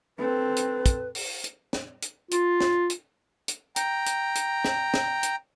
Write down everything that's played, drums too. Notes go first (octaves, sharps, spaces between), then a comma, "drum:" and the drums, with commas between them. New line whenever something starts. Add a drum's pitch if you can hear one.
C4 A4 B4
drum: hi-hat
drum: kick, hi-hat
drum: open hi-hat
drum: hi-hat
drum: snare
drum: hi-hat
F4, drum: hi-hat
drum: snare
drum: hi-hat
drum: hi-hat
G5 A#5, drum: hi-hat
drum: hi-hat
drum: hi-hat
drum: snare
drum: snare
drum: hi-hat